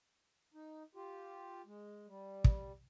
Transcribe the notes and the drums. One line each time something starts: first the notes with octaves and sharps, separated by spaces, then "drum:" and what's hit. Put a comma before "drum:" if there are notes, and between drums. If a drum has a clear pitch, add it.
D#4
F4 G4
G#3
G3
drum: kick